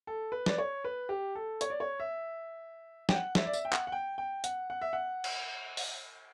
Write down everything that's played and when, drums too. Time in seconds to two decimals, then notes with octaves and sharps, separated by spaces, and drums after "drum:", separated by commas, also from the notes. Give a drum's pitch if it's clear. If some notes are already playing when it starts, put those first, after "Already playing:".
0.07 A4
0.32 B4
0.46 D5, drum: snare
0.58 C#5
0.84 B4
1.09 G4
1.35 A4
1.61 C#5, drum: hi-hat
1.70 D5
1.80 C#5
2.00 E5
3.09 G5, drum: snare
3.15 F#5
3.35 E5, drum: snare
3.46 D5
3.53 E5, drum: tambourine
3.65 G5
3.73 F#5, drum: clap
3.87 F#5
3.92 G5
4.18 G5
4.44 F#5, drum: hi-hat
4.70 F#5
4.82 E5
4.93 F#5
5.24 drum: cymbal
5.77 drum: open hi-hat